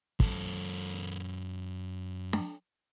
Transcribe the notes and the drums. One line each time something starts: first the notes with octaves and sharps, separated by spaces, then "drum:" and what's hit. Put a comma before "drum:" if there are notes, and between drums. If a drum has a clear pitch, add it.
F#2 A4, drum: kick
drum: snare D4